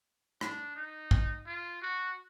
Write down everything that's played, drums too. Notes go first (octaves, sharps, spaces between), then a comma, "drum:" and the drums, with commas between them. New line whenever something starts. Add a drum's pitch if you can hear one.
D4, drum: rim click
D#4
drum: kick
F4
F#4